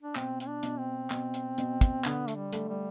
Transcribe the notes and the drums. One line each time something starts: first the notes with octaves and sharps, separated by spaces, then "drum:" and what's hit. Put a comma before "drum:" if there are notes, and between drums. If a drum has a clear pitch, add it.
D4
B2 C4, drum: clap
C4, drum: hi-hat
D4
B2, drum: hi-hat
C4
B2, drum: clap
drum: hi-hat
B2, drum: hi-hat
drum: kick, hi-hat
D3 B3, drum: clap
A3, drum: hi-hat
G3
A3, drum: hi-hat
G3